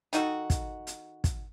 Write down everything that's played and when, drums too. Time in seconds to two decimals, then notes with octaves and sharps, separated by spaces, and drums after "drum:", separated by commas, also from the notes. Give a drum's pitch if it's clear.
0.13 D#3 D#4 F#4 A4, drum: hi-hat
0.50 drum: kick, hi-hat
0.87 drum: hi-hat
1.24 drum: kick, hi-hat